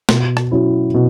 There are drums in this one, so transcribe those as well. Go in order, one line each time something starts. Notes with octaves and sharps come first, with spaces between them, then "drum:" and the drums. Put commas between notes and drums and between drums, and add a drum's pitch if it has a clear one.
B2, drum: snare
drum: rim click
F#3 C#4 E4
B2